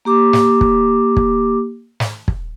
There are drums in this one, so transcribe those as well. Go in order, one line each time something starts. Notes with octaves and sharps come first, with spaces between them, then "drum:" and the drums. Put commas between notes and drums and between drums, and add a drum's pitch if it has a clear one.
A#3 G4 D6
drum: snare
drum: kick
drum: kick
drum: snare
drum: kick